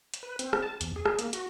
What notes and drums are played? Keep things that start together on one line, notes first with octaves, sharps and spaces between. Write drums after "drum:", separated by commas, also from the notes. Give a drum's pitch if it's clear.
drum: hi-hat
B4
C4, drum: hi-hat
drum: rim click
A5
E2, drum: hi-hat
G#4
drum: rim click
A#3, drum: hi-hat
F#4, drum: hi-hat